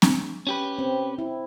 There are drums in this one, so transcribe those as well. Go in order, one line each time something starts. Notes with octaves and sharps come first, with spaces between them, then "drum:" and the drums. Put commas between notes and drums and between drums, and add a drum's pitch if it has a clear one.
drum: snare C4
C#4 G4 B4
C4
E4